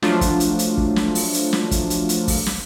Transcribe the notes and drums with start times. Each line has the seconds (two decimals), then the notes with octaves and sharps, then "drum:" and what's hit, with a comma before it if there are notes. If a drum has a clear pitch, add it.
0.02 F3 F#3 A3 D4 F4, drum: snare
0.21 drum: kick, hi-hat
0.40 drum: hi-hat
0.59 drum: hi-hat
0.78 drum: kick
0.96 drum: snare
1.15 drum: open hi-hat
1.34 drum: hi-hat
1.53 drum: snare
1.71 drum: kick, hi-hat
1.90 drum: hi-hat
2.09 drum: hi-hat
2.28 drum: kick, open hi-hat
2.46 drum: snare